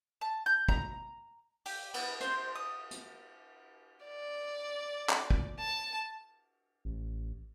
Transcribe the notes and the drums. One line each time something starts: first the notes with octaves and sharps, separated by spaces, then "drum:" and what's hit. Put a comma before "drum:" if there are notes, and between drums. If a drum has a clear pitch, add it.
A5
G6
A#5, drum: kick
G4, drum: open hi-hat
B3, drum: cymbal
C5, drum: hi-hat
D#6
drum: hi-hat
D5
drum: clap
drum: kick
A5
A1